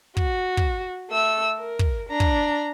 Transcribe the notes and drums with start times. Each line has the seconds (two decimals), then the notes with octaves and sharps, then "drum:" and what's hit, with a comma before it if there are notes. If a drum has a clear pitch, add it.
0.17 F#4, drum: kick
0.57 drum: kick
1.10 A3 E6
1.59 A#4
1.79 drum: kick
2.09 D4 A#5
2.20 drum: kick